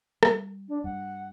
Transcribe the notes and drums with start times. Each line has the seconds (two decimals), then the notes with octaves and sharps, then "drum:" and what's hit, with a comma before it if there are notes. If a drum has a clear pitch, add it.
0.23 G3, drum: rim click
0.69 D4
0.84 G2 F#5